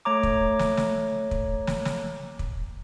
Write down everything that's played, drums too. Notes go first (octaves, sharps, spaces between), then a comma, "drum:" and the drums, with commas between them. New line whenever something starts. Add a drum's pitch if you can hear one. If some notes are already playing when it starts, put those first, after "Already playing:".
A3 C#5 A#5 D6
drum: kick
drum: snare
drum: snare
drum: kick
drum: snare
drum: snare
drum: kick